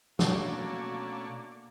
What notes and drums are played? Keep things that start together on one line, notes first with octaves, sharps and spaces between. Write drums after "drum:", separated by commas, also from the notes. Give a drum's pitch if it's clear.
B2 A3 A#3 C#4 D4 F#4, drum: snare